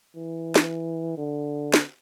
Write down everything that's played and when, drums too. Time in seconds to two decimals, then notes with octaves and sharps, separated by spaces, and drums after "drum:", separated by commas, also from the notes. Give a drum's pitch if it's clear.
0.16 E3
0.56 drum: snare
1.18 D3
1.74 drum: snare